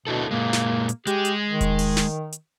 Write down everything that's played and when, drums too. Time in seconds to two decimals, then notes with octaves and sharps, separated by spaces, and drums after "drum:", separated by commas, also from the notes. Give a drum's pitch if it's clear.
0.07 B2 D4 E4 A4
0.31 A#2 G#3 A#3
0.53 drum: snare
0.89 drum: hi-hat
1.07 G#3 G4, drum: hi-hat
1.25 drum: hi-hat
1.49 D#3
1.61 drum: kick E1, hi-hat
1.79 drum: open hi-hat
1.97 drum: snare
2.32 drum: hi-hat